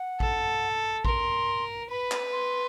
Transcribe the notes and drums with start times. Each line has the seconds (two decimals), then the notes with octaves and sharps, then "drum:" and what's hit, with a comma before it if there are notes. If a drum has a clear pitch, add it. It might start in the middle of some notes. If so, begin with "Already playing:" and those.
Already playing: F#5
0.20 A4, drum: kick A1
1.05 A#4 C6, drum: kick A1
1.90 B4 B5
2.11 drum: clap
2.32 C6